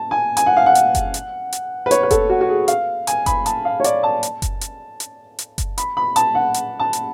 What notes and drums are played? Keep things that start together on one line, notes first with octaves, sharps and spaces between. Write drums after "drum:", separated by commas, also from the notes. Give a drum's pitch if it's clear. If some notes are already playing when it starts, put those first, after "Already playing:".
Already playing: A5
G#5
G#5, drum: hi-hat
F#5
F5
F#5
drum: hi-hat
drum: kick F#1, hi-hat
drum: hi-hat
drum: hi-hat
B4
C#5, drum: hi-hat
B4
A4, drum: kick F#1, hi-hat
F#4
F#4
G#4
F5, drum: hi-hat
G#5, drum: hi-hat
B5, drum: kick F#1, hi-hat
A5, drum: hi-hat
F5
C#5
D5, drum: hi-hat
A5
drum: hi-hat
drum: kick F#1, hi-hat
drum: hi-hat
drum: hi-hat
drum: hi-hat
drum: kick F#1, hi-hat
B5, drum: hi-hat
B5
A5, drum: hi-hat
F#5
drum: hi-hat
A5
drum: hi-hat